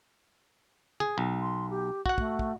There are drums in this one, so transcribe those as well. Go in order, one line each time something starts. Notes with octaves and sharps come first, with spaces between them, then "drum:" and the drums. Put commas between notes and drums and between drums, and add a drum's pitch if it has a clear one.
G#4, drum: tom
B1
C6
G4
F#4 F#5, drum: kick
A3, drum: kick
drum: kick